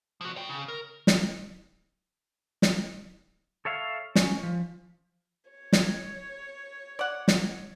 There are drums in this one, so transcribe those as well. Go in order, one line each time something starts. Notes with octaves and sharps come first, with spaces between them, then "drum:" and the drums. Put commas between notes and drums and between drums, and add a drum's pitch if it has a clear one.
F3 F#4
C#5 G5
C#3
A#4
drum: snare
drum: snare
A4 C#5 E5 F5
C#4, drum: snare
F3
C#5
drum: snare
D5 F#5
drum: snare